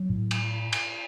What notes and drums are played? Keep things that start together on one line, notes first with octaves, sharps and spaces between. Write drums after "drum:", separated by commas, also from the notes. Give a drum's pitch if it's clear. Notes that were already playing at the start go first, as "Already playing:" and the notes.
Already playing: F#3
A2
drum: cymbal
drum: cymbal